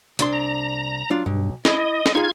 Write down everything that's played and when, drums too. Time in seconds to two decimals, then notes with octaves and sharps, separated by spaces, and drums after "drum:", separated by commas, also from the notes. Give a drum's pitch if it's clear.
0.19 C2 D4 C6, drum: hi-hat
0.33 A#5
1.10 F#3 D4 F4
1.26 B1 G2
1.65 E4 D#5, drum: snare
2.06 drum: snare
2.15 D#4 F4 G#4 G#6